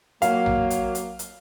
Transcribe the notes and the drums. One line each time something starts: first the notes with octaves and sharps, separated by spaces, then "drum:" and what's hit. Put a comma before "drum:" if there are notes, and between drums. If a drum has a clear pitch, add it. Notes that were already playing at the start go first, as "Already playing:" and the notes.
F#3 A#3 F5, drum: hi-hat
drum: tom A#1
drum: hi-hat
drum: hi-hat
drum: hi-hat